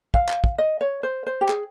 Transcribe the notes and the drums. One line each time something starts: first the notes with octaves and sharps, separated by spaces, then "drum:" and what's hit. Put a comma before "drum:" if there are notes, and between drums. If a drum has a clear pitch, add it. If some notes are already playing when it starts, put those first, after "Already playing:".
F5, drum: kick
drum: clap
drum: kick
D#5
C#5
C5
C5
G4
G#4, drum: clap